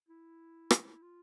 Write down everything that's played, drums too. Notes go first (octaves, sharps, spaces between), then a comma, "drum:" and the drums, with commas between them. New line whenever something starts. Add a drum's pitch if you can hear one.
E4
drum: rim click
F4